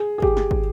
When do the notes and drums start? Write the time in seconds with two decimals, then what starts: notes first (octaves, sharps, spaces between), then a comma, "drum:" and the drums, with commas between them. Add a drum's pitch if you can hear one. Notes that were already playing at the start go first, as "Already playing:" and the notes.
Already playing: G#4
0.18 G#4
0.22 G4, drum: kick
0.37 drum: snare
0.51 drum: kick